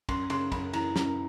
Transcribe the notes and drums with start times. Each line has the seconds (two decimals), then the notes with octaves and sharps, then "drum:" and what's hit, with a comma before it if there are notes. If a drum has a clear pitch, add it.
0.09 F#2 C6, drum: kick, cymbal
0.30 C#3 C6, drum: cymbal
0.52 F#2 B5, drum: kick, cymbal
0.73 E3 A#5, drum: cymbal
0.96 F#2 A#5, drum: snare